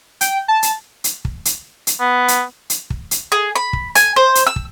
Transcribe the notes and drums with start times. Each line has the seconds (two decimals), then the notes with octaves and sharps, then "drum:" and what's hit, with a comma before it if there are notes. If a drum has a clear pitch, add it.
0.21 G5, drum: hi-hat
0.48 A5
0.63 drum: hi-hat
1.04 drum: hi-hat
1.25 drum: kick
1.45 drum: hi-hat
1.87 drum: hi-hat
2.00 B3
2.28 drum: hi-hat
2.70 drum: hi-hat
2.90 drum: kick
3.11 drum: hi-hat
3.32 G#4
3.56 B5
3.73 drum: kick
3.95 G#5, drum: hi-hat
4.16 C5
4.35 drum: hi-hat
4.47 E6
4.56 drum: kick